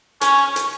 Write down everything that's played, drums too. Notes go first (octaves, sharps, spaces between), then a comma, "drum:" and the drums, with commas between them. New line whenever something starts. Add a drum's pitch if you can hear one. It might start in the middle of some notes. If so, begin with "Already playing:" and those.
C#4, drum: hi-hat
drum: hi-hat